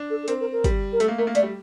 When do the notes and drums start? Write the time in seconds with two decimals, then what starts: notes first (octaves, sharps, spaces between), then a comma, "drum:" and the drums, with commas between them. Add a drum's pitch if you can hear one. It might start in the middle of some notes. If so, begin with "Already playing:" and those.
Already playing: D4
0.10 A4
0.23 A4
0.28 C4 A#4, drum: hi-hat
0.40 A#4
0.52 A#4
0.64 G3, drum: kick, hi-hat
0.92 A#4
1.00 A3 A4, drum: hi-hat
1.08 A#3
1.18 A3 A#4
1.27 A#3
1.35 A3 D5, drum: hi-hat
1.43 G3